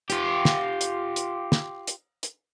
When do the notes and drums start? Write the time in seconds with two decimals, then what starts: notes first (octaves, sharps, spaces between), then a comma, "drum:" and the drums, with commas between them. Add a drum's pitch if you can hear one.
0.10 F4 G4, drum: hi-hat
0.45 drum: snare
0.81 drum: hi-hat
1.16 drum: hi-hat
1.52 drum: snare
1.87 drum: hi-hat
2.23 drum: hi-hat